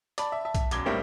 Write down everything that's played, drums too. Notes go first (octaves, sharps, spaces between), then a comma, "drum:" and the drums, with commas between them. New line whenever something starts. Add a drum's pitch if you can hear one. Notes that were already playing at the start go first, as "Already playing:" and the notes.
D5 A5 B5, drum: hi-hat
E5
E5 A5
drum: kick, hi-hat
E1 F#2 D6 G#6 G7, drum: hi-hat
A2 G3 A3 A#3 C4 D4